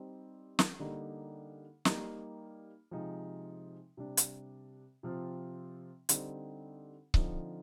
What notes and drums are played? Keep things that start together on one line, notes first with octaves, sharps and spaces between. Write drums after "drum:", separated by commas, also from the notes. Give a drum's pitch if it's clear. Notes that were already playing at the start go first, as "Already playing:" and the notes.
Already playing: G3 C4 D#4
drum: snare
D3 G3 A#3 D#4
G3 A#3 D#4, drum: snare
C3 F3 G#3 D#4
C3 G3 D4
drum: hi-hat
C3 F3 C4 F4
D3 G3 C4 D#4, drum: hi-hat
D3 F3 C4 D#4, drum: kick C#1